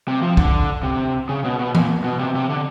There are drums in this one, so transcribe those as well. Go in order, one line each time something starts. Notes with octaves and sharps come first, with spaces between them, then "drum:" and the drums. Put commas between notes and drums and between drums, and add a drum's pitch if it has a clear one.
C3
F3
D3, drum: kick
C3
C#3
B2
B2
A#2, drum: tom E3
B2
C3
C3
D3